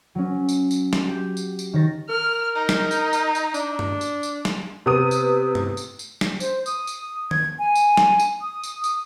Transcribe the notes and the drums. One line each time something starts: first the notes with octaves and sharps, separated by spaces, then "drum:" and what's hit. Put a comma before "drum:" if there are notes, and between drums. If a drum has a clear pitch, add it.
F#3 C#4
drum: tambourine
drum: tambourine
drum: snare
G4
drum: tambourine
drum: tambourine
D#3 C#5 A6 A#6
A#4 F6
D#4
drum: snare
drum: tambourine
drum: tambourine
drum: tambourine
D4, drum: tambourine
drum: tom G2
drum: tambourine
drum: tambourine
drum: snare
C3 B3 D#6 D#7
drum: tambourine
drum: tom G2
drum: tambourine
drum: tambourine
drum: snare
C5, drum: tambourine
D#6, drum: tambourine
drum: tambourine
G#6, drum: tom D#3
G#5
drum: tambourine
drum: snare
drum: tambourine
D#6
drum: tambourine
D#6, drum: tambourine